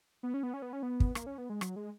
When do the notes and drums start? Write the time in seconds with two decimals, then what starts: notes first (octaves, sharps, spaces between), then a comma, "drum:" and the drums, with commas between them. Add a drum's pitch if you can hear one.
0.23 B3
0.34 C#4
0.43 B3
0.54 C#4
0.62 B3
0.73 C#4
0.83 B3
1.00 drum: kick
1.15 A#3, drum: rim click
1.26 C#4
1.38 B3
1.50 G#3
1.61 F#3, drum: rim click
1.76 G#3